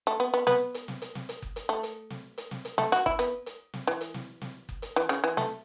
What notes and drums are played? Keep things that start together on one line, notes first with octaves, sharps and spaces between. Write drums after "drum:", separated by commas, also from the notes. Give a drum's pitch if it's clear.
A3
B3
B3
B3, drum: snare
drum: hi-hat
drum: snare
drum: hi-hat
drum: snare
drum: hi-hat
drum: kick F#1
drum: hi-hat
A3
drum: hi-hat
drum: snare
drum: hi-hat
drum: snare
drum: hi-hat
A3, drum: snare
F#4, drum: hi-hat
E4, drum: kick F#1
B3, drum: hi-hat
drum: hi-hat
drum: snare
E3
drum: hi-hat
drum: snare
drum: snare
drum: kick F#1
drum: hi-hat
E3
C#3, drum: hi-hat
E3
A3, drum: snare